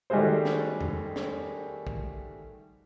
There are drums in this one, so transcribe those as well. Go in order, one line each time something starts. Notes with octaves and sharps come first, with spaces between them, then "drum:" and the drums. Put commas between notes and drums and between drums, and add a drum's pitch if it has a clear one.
D#3 G3 A3 F#4 G#4 C5
drum: snare
drum: tom E2
drum: snare
drum: kick